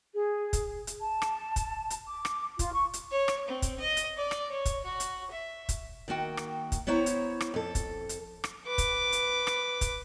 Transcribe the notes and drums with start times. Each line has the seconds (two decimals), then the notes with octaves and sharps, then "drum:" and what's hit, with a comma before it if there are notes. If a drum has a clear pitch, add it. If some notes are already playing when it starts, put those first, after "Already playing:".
0.13 G#4
0.53 drum: kick, hi-hat
0.87 drum: hi-hat
1.00 A5
1.22 drum: rim click
1.56 drum: kick, hi-hat
1.90 drum: hi-hat
2.06 D6
2.25 drum: rim click
2.59 F4, drum: kick, hi-hat
2.73 C#6
2.94 drum: hi-hat
3.11 C#5
3.28 drum: rim click
3.48 C4
3.62 drum: kick, hi-hat
3.80 D#5
3.97 drum: hi-hat
4.17 D5
4.31 drum: rim click
4.51 C#5
4.65 drum: kick, hi-hat
4.84 F#4
5.00 drum: hi-hat
5.31 E5
5.69 drum: kick, hi-hat
6.08 D#3 A#3 F#4 G5
6.37 drum: rim click
6.72 drum: kick, hi-hat
6.87 B3 E4 C5 C#5 A#5
7.06 drum: hi-hat
7.41 drum: rim click
7.54 F2 A4
7.75 drum: kick, hi-hat
8.09 drum: hi-hat
8.44 drum: rim click
8.67 B4 D6
8.78 drum: kick, hi-hat
9.12 drum: hi-hat
9.47 drum: rim click
9.81 drum: kick, hi-hat